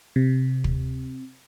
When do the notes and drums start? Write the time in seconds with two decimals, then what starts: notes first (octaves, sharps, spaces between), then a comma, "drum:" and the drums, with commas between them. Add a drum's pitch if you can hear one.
0.16 C3
0.64 drum: kick